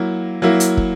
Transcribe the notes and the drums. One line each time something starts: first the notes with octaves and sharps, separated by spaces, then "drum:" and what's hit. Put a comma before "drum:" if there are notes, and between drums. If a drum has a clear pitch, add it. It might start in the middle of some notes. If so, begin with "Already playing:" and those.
Already playing: F#3 A#3 E4
F#3 A#3 E4
drum: hi-hat
drum: kick